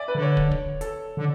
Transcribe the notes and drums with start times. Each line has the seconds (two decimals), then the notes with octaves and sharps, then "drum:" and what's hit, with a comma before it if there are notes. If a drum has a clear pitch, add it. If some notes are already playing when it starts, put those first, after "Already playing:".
Already playing: D5 E5 G#5
0.08 B4
0.15 D3
0.22 C#5
0.37 drum: kick
0.51 drum: kick
0.81 A4, drum: hi-hat
1.17 D3